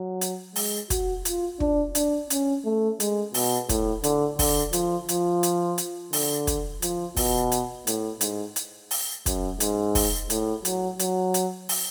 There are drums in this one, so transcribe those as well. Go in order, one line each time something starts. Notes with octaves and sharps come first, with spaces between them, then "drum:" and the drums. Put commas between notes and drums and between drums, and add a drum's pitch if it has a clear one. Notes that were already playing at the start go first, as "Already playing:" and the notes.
Already playing: F#3
drum: hi-hat
G#3, drum: open hi-hat
F#4, drum: kick, hi-hat
F4, drum: hi-hat
D4, drum: kick
D4, drum: hi-hat
C#4, drum: hi-hat
A3
G#3, drum: hi-hat
B2, drum: open hi-hat
A2, drum: kick, hi-hat
D3, drum: hi-hat
D3, drum: kick, open hi-hat
F3, drum: hi-hat
F3, drum: hi-hat
drum: hi-hat
drum: hi-hat
D3, drum: open hi-hat
drum: kick, hi-hat
F3, drum: hi-hat
B2, drum: kick, open hi-hat
drum: hi-hat
A2, drum: hi-hat
G#2, drum: hi-hat
drum: hi-hat
drum: open hi-hat
F#2, drum: kick, hi-hat
G#2, drum: hi-hat
drum: kick, open hi-hat
A2, drum: hi-hat
F#3, drum: hi-hat
F#3, drum: hi-hat
drum: hi-hat
drum: open hi-hat